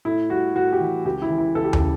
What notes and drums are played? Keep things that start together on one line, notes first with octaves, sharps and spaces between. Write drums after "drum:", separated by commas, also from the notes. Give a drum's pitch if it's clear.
A2 E4
G3 F#4
A2 F#4
G4
E3
C#2 G4
E4
E3
E4
C#2 A4
G4
A4, drum: tom D#2
C#3